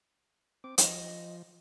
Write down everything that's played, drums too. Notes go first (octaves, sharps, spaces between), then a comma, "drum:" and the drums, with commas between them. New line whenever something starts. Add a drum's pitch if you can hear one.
C4 D6
F3 D#5, drum: hi-hat